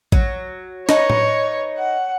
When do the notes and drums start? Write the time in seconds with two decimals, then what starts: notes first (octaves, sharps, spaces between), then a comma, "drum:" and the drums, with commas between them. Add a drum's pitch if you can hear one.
0.12 F#3, drum: kick A1
0.89 D#4 B4 C#5, drum: snare
1.10 drum: tom A2
1.78 F#5